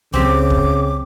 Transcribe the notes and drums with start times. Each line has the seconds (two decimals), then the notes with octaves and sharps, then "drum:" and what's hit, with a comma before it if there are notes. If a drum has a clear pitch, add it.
0.14 C#2 C#3 F#3 C4 G4 D6
0.50 drum: kick